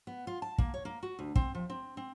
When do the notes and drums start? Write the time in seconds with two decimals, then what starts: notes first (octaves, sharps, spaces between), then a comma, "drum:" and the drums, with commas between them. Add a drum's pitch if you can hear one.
0.07 B3
0.27 F4
0.42 A5
0.58 A#3, drum: kick
0.74 C#5
0.85 A#3
1.03 F#4
1.19 D2
1.36 C4, drum: kick
1.55 F3
1.70 C4
1.97 C4